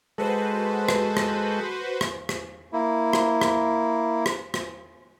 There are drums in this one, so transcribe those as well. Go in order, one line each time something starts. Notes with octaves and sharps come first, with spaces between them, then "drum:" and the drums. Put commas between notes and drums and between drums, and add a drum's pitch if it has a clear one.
G#3 F#4 A4 B4 C5
drum: rim click
drum: rim click
drum: rim click
drum: rim click
A#3 E4
drum: rim click
drum: rim click
drum: rim click
drum: rim click